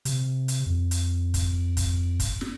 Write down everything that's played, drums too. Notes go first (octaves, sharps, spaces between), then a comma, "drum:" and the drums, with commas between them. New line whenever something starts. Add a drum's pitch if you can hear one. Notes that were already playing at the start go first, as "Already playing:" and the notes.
C3, drum: hi-hat
drum: hi-hat
F2
drum: hi-hat
drum: kick, hi-hat
drum: kick, hi-hat
drum: kick, hi-hat
drum: snare